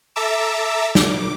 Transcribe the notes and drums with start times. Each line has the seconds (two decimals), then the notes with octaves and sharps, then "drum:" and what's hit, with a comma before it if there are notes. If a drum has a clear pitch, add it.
0.16 A4 E5 A5 A#5 D6 E6
0.95 D6, drum: snare